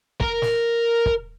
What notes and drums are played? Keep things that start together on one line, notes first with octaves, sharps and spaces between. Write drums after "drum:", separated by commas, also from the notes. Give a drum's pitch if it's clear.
A#4, drum: kick
drum: snare
drum: kick